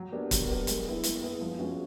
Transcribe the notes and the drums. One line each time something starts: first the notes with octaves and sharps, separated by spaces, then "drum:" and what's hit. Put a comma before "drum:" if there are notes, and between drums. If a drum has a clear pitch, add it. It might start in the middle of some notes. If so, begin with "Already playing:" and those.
Already playing: F#3
B3 D4 G4 A#4
F#3, drum: kick, hi-hat
B3 D4 G4 A#4
G#3, drum: hi-hat
B3 E4 G#4
G#3, drum: hi-hat
B3 E4 G#4
F3
G#3 C#4 F#4